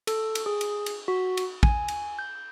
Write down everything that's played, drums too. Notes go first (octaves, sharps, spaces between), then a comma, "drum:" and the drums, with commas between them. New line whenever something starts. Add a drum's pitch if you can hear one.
A4, drum: cymbal
drum: cymbal
G#4
drum: cymbal
drum: cymbal
F#4
drum: cymbal
G#5, drum: kick
drum: cymbal
G6